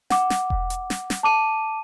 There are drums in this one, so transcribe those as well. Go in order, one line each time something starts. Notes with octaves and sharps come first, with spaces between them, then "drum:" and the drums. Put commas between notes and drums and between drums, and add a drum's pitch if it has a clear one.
F#5 D6, drum: snare
drum: snare
drum: kick E1
drum: hi-hat
drum: snare
drum: snare
A5 D6 D#7